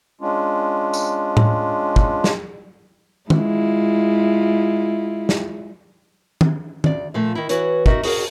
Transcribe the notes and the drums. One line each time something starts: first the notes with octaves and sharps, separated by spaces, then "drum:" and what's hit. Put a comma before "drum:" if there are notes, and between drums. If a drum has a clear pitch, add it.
G#3 C#4 D4 F4
drum: tambourine
drum: tom A2
drum: kick
drum: snare
G#3 E4 F4, drum: tom
drum: snare
drum: tom D#3
D2 D5, drum: tom
A#2 F3 A3
D#3 E4
E3 F#4 B4 C#5, drum: hi-hat
D#4 F#4 A#4 D#5 E5, drum: kick
F#4 G#4 A#4, drum: open hi-hat